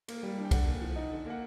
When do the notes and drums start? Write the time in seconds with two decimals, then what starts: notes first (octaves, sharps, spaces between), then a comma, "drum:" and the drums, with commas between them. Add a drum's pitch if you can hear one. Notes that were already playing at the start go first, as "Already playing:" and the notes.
0.08 A#3, drum: cymbal
0.23 G3
0.38 D4
0.45 G5
0.51 D3 F#5, drum: kick, cymbal
0.66 A#3
0.81 F3
0.96 D#4
1.11 D3
1.26 A#3 F#5